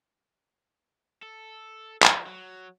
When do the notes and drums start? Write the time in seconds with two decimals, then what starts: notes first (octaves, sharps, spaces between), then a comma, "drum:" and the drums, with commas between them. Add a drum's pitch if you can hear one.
1.23 A4
2.02 F3, drum: clap
2.26 F#3